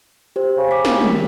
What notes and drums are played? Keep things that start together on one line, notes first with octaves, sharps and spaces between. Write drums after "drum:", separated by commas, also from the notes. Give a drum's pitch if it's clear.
G4 C5
C#3
D6 B6
G4 A#4, drum: snare
C#4 G#4, drum: tom